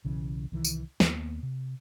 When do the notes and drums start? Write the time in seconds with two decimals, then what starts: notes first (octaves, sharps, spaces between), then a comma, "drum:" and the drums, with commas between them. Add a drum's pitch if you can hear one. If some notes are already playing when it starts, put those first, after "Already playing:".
0.05 B1 C#3 E3
0.52 C2 D#3 E3
0.65 drum: tambourine
1.00 D#2 A#3 B3, drum: snare
1.43 C3